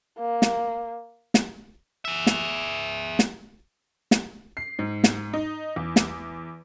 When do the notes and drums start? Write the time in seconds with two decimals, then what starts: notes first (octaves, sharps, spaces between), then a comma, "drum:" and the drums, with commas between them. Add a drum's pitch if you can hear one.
0.19 A#3
0.42 drum: snare
1.34 drum: snare
2.05 G#4 E5
2.27 drum: snare
3.19 drum: snare
4.11 drum: snare
4.57 C7
4.79 G#2
5.04 drum: snare
5.33 D#4
5.76 E2
5.96 drum: snare